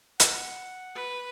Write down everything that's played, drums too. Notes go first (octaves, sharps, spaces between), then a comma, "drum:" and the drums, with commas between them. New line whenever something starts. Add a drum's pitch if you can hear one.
F#5, drum: hi-hat
B4